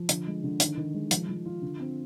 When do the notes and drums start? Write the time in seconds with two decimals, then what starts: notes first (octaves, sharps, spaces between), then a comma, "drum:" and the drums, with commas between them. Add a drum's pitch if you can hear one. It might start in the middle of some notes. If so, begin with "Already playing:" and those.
Already playing: F3
0.09 D3, drum: hi-hat
0.27 G#3
0.43 D3
0.60 D#3, drum: hi-hat
0.77 D#3
0.94 G#3
1.11 F3, drum: hi-hat
1.29 F3
1.45 F4
1.62 D3
1.80 C4